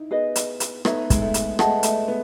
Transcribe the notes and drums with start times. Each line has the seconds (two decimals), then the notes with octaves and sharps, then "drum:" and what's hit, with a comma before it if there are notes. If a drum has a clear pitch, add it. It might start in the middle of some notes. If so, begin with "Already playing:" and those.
Already playing: D#4 E4
0.11 B3 G#4 B4 D#5
0.36 drum: hi-hat
0.60 drum: hi-hat
0.85 B3 D#4 A4 C#5 E5, drum: rim click
1.10 G#3, drum: kick, hi-hat
1.21 A3
1.34 drum: hi-hat
1.59 A3 G#4 D#5 F#5 A5, drum: rim click
1.83 A3, drum: hi-hat
2.08 B3